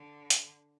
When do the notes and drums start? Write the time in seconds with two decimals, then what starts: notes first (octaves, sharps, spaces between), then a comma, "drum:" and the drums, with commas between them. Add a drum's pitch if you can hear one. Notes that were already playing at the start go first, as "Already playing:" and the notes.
Already playing: D3
0.30 drum: hi-hat